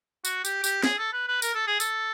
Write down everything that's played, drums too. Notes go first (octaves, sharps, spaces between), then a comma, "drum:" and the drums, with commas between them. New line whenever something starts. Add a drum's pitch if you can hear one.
F#4, drum: tambourine
G4, drum: tambourine
G4, drum: tambourine
G#4, drum: snare
A4
B4
B4
A#4, drum: tambourine
A4
G#4
A4, drum: tambourine